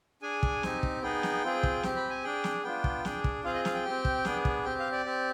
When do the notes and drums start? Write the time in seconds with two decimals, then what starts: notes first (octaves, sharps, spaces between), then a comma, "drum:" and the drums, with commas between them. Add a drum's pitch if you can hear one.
0.22 D4 G#4 G#5
0.43 drum: kick
0.63 C4 D#4 G4, drum: snare
0.83 drum: kick
1.02 B3 D#4 G#4 G5
1.23 drum: snare
1.44 C4 F4 G#4
1.63 drum: kick
1.83 C4 G4, drum: snare
1.96 B5
2.10 G#5
2.24 D4 G#4 G5
2.44 drum: snare
2.64 B3 D4 F4 G5
2.84 drum: kick
3.05 D4 G#4, drum: snare
3.24 drum: kick
3.44 C4 F4 G#4 F5
3.54 D#5
3.65 F5, drum: snare
3.74 G5
3.85 C4 G4
4.05 drum: kick
4.25 B3 D4 G#4, drum: snare
4.45 drum: kick
4.65 C4 G4 G5
4.79 F5
4.92 D5
5.06 C4 G4